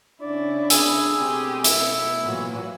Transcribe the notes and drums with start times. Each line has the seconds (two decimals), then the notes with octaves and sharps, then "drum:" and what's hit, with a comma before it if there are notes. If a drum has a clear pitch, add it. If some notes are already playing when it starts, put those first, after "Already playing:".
0.21 C#3 D4 E4 D5
0.70 G#4 G#5 B5 E6, drum: hi-hat
1.17 B2 A3 C4 G4 D#6
1.64 B3 E4, drum: hi-hat
2.23 A#2 E3 F#3